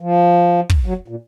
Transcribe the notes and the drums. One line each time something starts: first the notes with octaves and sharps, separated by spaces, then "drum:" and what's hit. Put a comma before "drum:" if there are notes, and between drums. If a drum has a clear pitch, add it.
F3
drum: kick
F#3
A#2